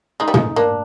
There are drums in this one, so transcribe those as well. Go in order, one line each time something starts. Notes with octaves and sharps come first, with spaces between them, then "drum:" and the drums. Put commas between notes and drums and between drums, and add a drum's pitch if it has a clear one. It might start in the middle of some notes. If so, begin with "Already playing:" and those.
G#3 D#4
G3
G#3, drum: tom
A#3 D4